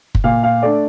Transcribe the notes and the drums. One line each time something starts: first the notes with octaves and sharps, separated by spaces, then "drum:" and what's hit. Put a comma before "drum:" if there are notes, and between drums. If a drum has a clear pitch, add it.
drum: kick
A#2 F5
F5
A3 D4 D5